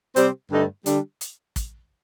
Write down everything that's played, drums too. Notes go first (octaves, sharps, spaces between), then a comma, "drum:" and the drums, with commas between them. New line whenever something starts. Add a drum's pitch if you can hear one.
C3 G3 C4 G4 C5, drum: hi-hat
G2 D3 A3 D#4
D3 G3 D4 G4, drum: hi-hat
drum: hi-hat
drum: kick, hi-hat